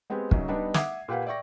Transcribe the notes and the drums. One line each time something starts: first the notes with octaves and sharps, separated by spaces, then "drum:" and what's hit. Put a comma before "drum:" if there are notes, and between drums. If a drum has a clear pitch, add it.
G#3 B3 C4 G4 G#4
F#2 C#3 F#3 D#4, drum: kick
G3 B3 D4 D#4
E5 F#5 D6 D#6 G#6 C7, drum: snare
A#2 G4 B4 F5 F#5
D5 E5 G5 C#6 A#6